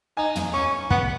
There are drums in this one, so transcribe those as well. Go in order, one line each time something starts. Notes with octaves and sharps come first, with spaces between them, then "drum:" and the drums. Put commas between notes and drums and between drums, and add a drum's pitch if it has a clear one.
D#4 G#5
drum: tom
C#4 C#6
B3 F#5, drum: kick